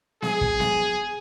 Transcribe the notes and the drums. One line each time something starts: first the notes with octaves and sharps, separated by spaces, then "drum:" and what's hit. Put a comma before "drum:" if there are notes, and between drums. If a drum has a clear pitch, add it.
G#4, drum: snare B3
drum: kick
drum: snare B3